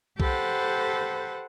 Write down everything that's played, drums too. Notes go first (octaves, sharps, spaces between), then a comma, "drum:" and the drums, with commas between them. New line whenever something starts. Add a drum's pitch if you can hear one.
G4 A4 B4 C5 F#5, drum: kick B1